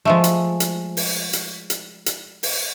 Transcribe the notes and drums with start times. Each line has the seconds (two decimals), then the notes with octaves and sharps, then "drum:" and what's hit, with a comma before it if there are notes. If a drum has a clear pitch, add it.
0.05 F3 G#3 A3
0.24 drum: hi-hat
0.60 drum: hi-hat
0.97 drum: open hi-hat
1.33 drum: hi-hat
1.70 drum: hi-hat
2.06 drum: hi-hat
2.43 drum: open hi-hat